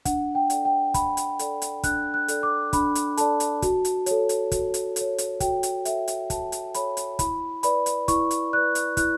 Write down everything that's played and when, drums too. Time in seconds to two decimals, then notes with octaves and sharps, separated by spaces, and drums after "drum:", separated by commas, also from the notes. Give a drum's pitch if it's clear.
0.05 D4 F#5, drum: kick, hi-hat
0.35 G5
0.50 A4 D5, drum: hi-hat
0.65 G5
0.94 D4 B5, drum: kick, hi-hat
1.17 drum: hi-hat
1.39 A4 D5, drum: hi-hat
1.62 drum: hi-hat
1.83 D4 F#6, drum: kick, hi-hat
2.14 F#6
2.28 A4 D5, drum: hi-hat
2.43 D6
2.73 D4 B5, drum: kick, hi-hat
2.95 drum: hi-hat
3.17 A4 D5 A5, drum: hi-hat
3.40 drum: hi-hat
3.62 F#4, drum: kick, hi-hat
3.85 drum: hi-hat
4.06 A4 C#5, drum: hi-hat
4.29 drum: hi-hat
4.52 F#4, drum: kick, hi-hat
4.74 drum: hi-hat
4.96 A4, drum: hi-hat
5.01 C#5
5.18 drum: hi-hat
5.40 F#4 G5, drum: kick, hi-hat
5.63 drum: hi-hat
5.85 A4 C#5 E5, drum: hi-hat
6.08 drum: hi-hat
6.30 F#4 A5, drum: kick, hi-hat
6.52 drum: hi-hat
6.74 A4 C#5 B5, drum: hi-hat
6.97 drum: hi-hat
7.19 E4 B5, drum: kick, hi-hat
7.63 B4 D5 B5, drum: hi-hat
7.86 drum: hi-hat
8.08 E4 C#6, drum: kick, hi-hat
8.31 drum: hi-hat
8.53 B4 D5 F#6
8.75 drum: hi-hat
8.97 E4 F#6, drum: kick, hi-hat